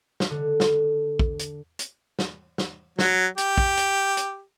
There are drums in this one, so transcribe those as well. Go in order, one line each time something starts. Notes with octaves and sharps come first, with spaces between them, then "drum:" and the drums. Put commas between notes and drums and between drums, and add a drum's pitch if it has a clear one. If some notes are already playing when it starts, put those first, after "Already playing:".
drum: snare
D3
drum: snare
drum: kick
drum: hi-hat
drum: hi-hat
drum: snare
drum: snare
F#3, drum: snare
G4, drum: hi-hat
drum: kick
drum: hi-hat
drum: hi-hat